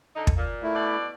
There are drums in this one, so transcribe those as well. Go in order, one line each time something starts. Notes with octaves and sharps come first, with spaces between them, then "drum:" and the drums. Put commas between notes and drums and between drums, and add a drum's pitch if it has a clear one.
D3 D#4
drum: kick
A#2
A3 E4
B2 D5